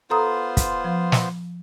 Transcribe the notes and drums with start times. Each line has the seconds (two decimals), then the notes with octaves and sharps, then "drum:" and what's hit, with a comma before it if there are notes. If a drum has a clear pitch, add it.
0.10 B3 F4 A4 C5 A#5 D#6
0.57 drum: kick, hi-hat
0.84 F3
1.12 drum: snare